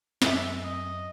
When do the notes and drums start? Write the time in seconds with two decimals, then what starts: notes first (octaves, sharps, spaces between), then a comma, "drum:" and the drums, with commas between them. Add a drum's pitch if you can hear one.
0.22 F#2 A4 E5, drum: snare
0.64 D#5